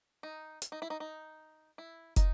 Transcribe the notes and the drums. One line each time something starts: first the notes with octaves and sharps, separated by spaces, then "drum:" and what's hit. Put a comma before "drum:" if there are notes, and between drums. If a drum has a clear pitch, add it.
D#4
drum: hi-hat
D#4
E4
D#4
D#4
E4
D#4, drum: kick, hi-hat